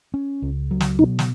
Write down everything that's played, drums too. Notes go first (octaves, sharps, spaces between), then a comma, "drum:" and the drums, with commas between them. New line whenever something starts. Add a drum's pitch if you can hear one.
C#4
C#2
F#3
drum: snare
B2 D#4
drum: snare